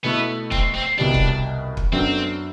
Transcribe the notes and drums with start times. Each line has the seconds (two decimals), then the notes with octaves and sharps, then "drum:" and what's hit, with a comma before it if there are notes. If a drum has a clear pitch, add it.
0.04 B2 A3 B3 E4 A4
0.52 C4, drum: kick
0.75 C4
0.98 C2 B2 G3 D4
1.14 drum: kick
1.77 drum: kick
1.92 F#2 F#3 B3 C4 D4 A4